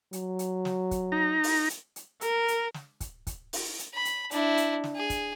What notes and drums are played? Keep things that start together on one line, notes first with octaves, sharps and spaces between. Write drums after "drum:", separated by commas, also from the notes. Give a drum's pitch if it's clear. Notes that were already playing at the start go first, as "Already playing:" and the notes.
F#3, drum: hi-hat
drum: hi-hat
drum: snare
drum: kick, hi-hat
D#4 A#5
drum: open hi-hat
drum: hi-hat
drum: hi-hat
A#4, drum: hi-hat
drum: hi-hat
drum: snare
drum: kick, hi-hat
drum: kick, hi-hat
drum: open hi-hat
drum: hi-hat
B5
drum: hi-hat
D4 E4, drum: hi-hat
drum: hi-hat
drum: snare
G#4
drum: kick, hi-hat